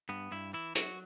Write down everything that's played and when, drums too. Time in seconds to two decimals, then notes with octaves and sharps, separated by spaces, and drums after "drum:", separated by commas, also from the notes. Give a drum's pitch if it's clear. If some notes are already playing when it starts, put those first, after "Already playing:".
0.09 G2 B3
0.31 G2 E4
0.53 E3 E4
0.75 F#3 F#4, drum: hi-hat